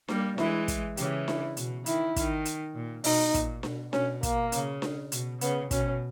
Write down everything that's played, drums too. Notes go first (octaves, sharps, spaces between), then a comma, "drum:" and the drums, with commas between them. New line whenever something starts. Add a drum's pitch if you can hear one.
G3 A#3, drum: snare D4
E3 G#3 E4, drum: snare D4
drum: kick, hi-hat
C#3 E3 G4, drum: hi-hat
E4, drum: snare D4
B2, drum: hi-hat
D#3 E4, drum: hi-hat
D#3, drum: kick, hi-hat
drum: hi-hat
A#2
B2 D#4, drum: open hi-hat
A#2, drum: kick, hi-hat
B2, drum: snare D4
B2 C#4, drum: snare D4
A#3, drum: kick, hi-hat
C#3, drum: hi-hat
drum: snare D4
B2, drum: hi-hat
C#3 B3, drum: hi-hat
B2 C#4, drum: kick, hi-hat